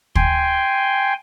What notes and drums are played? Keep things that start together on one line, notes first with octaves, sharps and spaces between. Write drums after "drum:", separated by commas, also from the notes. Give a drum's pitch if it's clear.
G5 G#5 C6, drum: kick